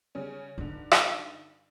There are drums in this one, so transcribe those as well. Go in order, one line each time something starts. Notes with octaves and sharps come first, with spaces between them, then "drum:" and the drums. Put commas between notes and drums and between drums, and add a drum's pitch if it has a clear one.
C#3 G3 C#4
G2 D3 D#4
drum: rim click